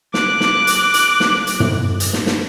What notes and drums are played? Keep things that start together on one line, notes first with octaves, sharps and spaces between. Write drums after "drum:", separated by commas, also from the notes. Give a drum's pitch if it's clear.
D6 F#6, drum: snare
drum: snare
drum: hi-hat
drum: hi-hat
drum: snare
drum: hi-hat
drum: tom
drum: hi-hat
drum: snare
drum: snare